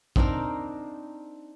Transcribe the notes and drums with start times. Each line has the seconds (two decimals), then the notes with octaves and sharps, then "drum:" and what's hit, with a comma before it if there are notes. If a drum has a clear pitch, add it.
0.16 C4 D4 D#4 A#4, drum: kick A#1